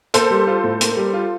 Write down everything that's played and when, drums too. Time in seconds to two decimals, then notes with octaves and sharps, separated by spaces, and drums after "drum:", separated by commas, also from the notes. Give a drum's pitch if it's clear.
0.14 A#3 A4 C5, drum: hi-hat
0.31 G3
0.47 F4
0.64 A2
0.81 A#3, drum: hi-hat
0.97 G3
1.13 F4